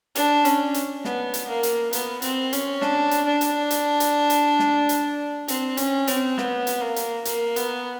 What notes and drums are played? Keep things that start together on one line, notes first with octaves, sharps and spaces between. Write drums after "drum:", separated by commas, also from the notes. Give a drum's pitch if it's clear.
D4, drum: hi-hat
C#4, drum: hi-hat
drum: hi-hat
B3, drum: snare
drum: hi-hat
A#3
drum: hi-hat
B3, drum: hi-hat
C4, drum: hi-hat
C#4, drum: hi-hat
D4, drum: snare
drum: hi-hat
D4
drum: hi-hat
drum: hi-hat
drum: hi-hat
drum: hi-hat
drum: snare
drum: hi-hat
C4, drum: hi-hat
C#4, drum: hi-hat
C4, drum: hi-hat
B3, drum: snare
drum: hi-hat
A#3
drum: hi-hat
A#3, drum: hi-hat
B3, drum: hi-hat